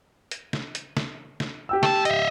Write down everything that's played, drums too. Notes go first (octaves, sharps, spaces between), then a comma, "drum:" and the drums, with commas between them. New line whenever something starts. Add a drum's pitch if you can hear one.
drum: hi-hat
drum: snare
drum: hi-hat
drum: snare
drum: snare
G4 G5 E6
A3 A5, drum: snare
D#5 E5, drum: hi-hat